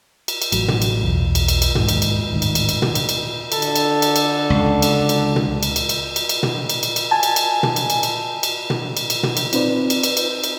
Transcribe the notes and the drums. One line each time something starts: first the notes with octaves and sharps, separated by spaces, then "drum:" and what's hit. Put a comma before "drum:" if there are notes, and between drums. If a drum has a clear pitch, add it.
drum: cymbal
drum: cymbal
A1 F#3, drum: cymbal
drum: tom
drum: cymbal
B1 E2
drum: cymbal
drum: cymbal
drum: cymbal
D#2 G#2, drum: tom
drum: cymbal
drum: cymbal
D#1 A1 G#2 D#3
drum: cymbal
drum: cymbal
drum: cymbal
drum: tom
drum: cymbal
drum: cymbal
D3 A4, drum: cymbal
drum: cymbal
drum: cymbal
drum: cymbal
drum: cymbal
C#2
drum: cymbal
drum: cymbal
drum: tom
drum: cymbal
drum: cymbal
drum: cymbal
drum: cymbal
drum: cymbal
drum: tom
drum: cymbal
drum: cymbal
drum: cymbal
G#5 A5
drum: cymbal
drum: cymbal
drum: tom
drum: cymbal
drum: cymbal
drum: cymbal
drum: cymbal
drum: tom
drum: cymbal
drum: cymbal
drum: tom
drum: cymbal
C4 D#4 F4 B4 C5 D5, drum: cymbal
drum: cymbal
drum: cymbal
drum: cymbal
drum: cymbal